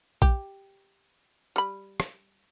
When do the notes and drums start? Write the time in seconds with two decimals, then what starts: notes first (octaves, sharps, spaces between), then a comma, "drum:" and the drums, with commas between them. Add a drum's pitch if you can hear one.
0.22 G4, drum: kick A#1
1.56 G3 B5
2.00 drum: rim click